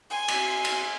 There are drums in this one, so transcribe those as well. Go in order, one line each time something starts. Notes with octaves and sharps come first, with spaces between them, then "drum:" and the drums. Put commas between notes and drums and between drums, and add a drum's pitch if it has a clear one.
G#5 C6
drum: cymbal
drum: cymbal